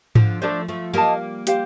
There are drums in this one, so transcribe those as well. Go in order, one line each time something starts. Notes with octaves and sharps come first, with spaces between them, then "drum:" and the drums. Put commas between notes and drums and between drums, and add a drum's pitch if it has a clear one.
D3 F3, drum: tom G#2
F3 A3 D4 A4 C5
F3 A3
G3 A#3 A#4 D#5 A5
G4 C5 F5, drum: hi-hat